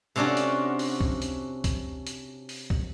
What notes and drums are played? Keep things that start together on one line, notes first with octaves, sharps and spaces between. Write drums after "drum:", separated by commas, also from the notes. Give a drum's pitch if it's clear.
C3 C#4 D4 F4 F#4
drum: hi-hat
drum: open hi-hat
drum: kick C2
drum: hi-hat
drum: kick C2, hi-hat
drum: hi-hat
drum: open hi-hat
drum: kick C2